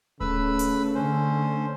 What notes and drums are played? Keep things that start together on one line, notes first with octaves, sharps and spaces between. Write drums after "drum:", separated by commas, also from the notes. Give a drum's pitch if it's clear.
C#3 A3 B4 B5 E6, drum: kick D1
drum: hi-hat
D3 C#4 C5